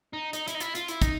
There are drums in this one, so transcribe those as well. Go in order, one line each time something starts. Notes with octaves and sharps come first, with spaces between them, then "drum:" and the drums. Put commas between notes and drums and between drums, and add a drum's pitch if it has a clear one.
D#4
D#4, drum: hi-hat
E4, drum: hi-hat
D#4
E4, drum: hi-hat
F4, drum: hi-hat
E4, drum: hi-hat
D#4, drum: kick, hi-hat